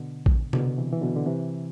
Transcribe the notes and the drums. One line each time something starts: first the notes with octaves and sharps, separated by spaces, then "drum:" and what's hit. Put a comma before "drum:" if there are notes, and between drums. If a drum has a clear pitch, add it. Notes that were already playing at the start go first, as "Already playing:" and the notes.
Already playing: B2 D3
drum: kick A#1
B2 D3, drum: tom C3
C3 E3
E3
B2 D3
D3
C3 E3